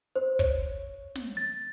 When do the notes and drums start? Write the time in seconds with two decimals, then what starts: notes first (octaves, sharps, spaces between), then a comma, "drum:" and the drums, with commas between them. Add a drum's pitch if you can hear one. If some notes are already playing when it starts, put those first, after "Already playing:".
0.16 C5
0.39 C#5, drum: kick
1.15 drum: snare
1.37 A6